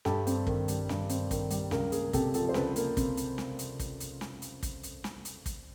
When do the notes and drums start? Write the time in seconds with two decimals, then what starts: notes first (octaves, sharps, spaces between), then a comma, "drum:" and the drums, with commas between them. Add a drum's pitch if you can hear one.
0.05 G2 G4 A4, drum: snare
0.27 C4, drum: hi-hat
0.47 D#3, drum: kick
0.68 G3, drum: hi-hat
0.89 G2, drum: snare
1.09 C4, drum: hi-hat
1.31 D#3, drum: kick, hi-hat
1.50 G3, drum: hi-hat
1.71 C#2 G#4 A#4, drum: snare
1.92 A#3 G#4, drum: hi-hat
2.13 C3 G4 A4, drum: kick, hi-hat
2.34 F3 G4 A4, drum: hi-hat
2.49 C5
2.54 C#2 A4 B4, drum: snare
2.76 A#3, drum: hi-hat
2.97 C3, drum: kick, hi-hat
3.17 drum: hi-hat
3.38 drum: snare
3.59 drum: hi-hat
3.80 drum: kick, hi-hat
4.00 drum: hi-hat
4.21 drum: snare
4.42 drum: hi-hat
4.63 drum: kick, hi-hat
4.83 drum: hi-hat
5.04 drum: snare
5.25 drum: hi-hat
5.46 drum: kick, hi-hat